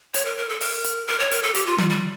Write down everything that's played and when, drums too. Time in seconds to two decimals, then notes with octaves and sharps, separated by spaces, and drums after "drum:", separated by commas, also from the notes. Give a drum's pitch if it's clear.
0.14 C#5, drum: hi-hat
0.25 A#4
0.38 A#4
0.49 A4
0.61 A#4, drum: open hi-hat
0.84 drum: hi-hat
1.08 A#4
1.20 C#5
1.31 A#4, drum: hi-hat
1.43 A4
1.55 G4, drum: hi-hat
1.66 F4
1.78 G3, drum: tom D#3
1.90 G3